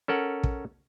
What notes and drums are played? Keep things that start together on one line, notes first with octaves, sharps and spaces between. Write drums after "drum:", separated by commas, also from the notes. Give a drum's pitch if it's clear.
C#4 A4 A#4 F#5
drum: kick